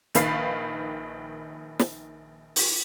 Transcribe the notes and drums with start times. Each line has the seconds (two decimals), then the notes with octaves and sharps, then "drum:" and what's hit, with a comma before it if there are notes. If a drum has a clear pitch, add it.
0.15 A#1 D#3 B4 F5 A6 C7, drum: hi-hat
1.79 drum: snare
2.56 drum: open hi-hat